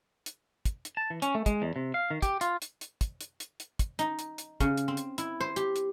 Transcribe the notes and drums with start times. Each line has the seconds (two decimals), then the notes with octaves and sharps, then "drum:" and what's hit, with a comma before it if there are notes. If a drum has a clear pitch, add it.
0.26 drum: hi-hat
0.65 drum: kick, hi-hat
0.85 drum: hi-hat
0.97 A5
1.10 E3
1.22 C#4, drum: hi-hat
1.35 A3
1.46 G#3, drum: kick, hi-hat
1.62 E2
1.76 C3
1.94 F5
2.10 D#3
2.22 G4, drum: kick, hi-hat
2.41 F4, drum: hi-hat
2.62 drum: hi-hat
2.81 drum: hi-hat
3.01 drum: kick, hi-hat
3.21 drum: hi-hat
3.40 drum: hi-hat
3.60 drum: hi-hat
3.79 drum: kick, hi-hat
3.99 D#4, drum: hi-hat
4.19 drum: hi-hat
4.38 drum: hi-hat
4.60 C#3, drum: kick, hi-hat
4.78 drum: hi-hat
4.88 C4
4.97 drum: hi-hat
5.18 E4, drum: hi-hat
5.40 C5
5.56 G4, drum: hi-hat
5.76 drum: hi-hat